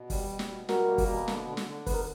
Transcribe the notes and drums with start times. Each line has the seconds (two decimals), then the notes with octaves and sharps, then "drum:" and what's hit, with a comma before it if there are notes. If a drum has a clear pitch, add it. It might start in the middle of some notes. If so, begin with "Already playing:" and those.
Already playing: B2
0.10 G3, drum: kick, open hi-hat
0.29 B2
0.39 drum: snare
0.48 B2
0.69 G3 F#4 A#4, drum: snare
0.88 A#3
0.98 drum: kick, open hi-hat
1.08 B2
1.28 D3, drum: snare
1.47 D3
1.57 drum: snare
1.67 D3
1.87 B3 B4, drum: kick, open hi-hat
1.94 A#4